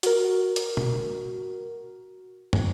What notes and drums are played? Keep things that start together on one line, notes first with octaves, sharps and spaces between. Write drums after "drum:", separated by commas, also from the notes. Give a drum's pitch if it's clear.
F#4 A#4, drum: hi-hat
drum: hi-hat
drum: tom B2
drum: tom